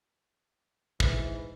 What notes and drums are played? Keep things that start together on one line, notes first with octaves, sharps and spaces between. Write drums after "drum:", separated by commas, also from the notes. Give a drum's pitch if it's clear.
G#2 E3, drum: kick